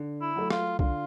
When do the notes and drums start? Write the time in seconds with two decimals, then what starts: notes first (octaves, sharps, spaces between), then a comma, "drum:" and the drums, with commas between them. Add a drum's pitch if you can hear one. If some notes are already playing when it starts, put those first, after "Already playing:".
Already playing: D3
0.21 E4
0.36 F#3 A3
0.50 F4, drum: rim click
0.79 D3 F4, drum: kick C2